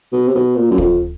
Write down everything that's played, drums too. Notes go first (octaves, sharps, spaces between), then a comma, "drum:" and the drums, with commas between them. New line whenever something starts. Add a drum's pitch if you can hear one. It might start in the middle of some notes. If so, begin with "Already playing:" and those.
B2
C3
B2
A#2
F#2
F2, drum: kick